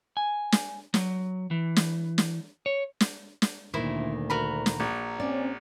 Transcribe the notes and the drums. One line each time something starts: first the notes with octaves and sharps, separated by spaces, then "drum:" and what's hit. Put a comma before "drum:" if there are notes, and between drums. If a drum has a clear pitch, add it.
G#5
drum: snare
F#3, drum: snare
E3
drum: snare
drum: snare
C#5
drum: snare
drum: snare
D2 A#2 D#3 E4 C5
F#4 A#4 B5
drum: snare
A#1
C4 C#4 D5